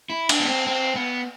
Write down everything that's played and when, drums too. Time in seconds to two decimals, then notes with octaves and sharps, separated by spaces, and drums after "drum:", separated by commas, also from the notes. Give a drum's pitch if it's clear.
0.10 E4
0.29 D4, drum: cymbal
0.40 B3
0.48 C4
0.66 C4
0.96 B3